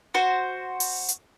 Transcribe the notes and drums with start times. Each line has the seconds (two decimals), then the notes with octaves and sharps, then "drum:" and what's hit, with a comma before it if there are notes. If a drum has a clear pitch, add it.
0.14 F#4 C5
0.80 drum: open hi-hat
1.09 drum: hi-hat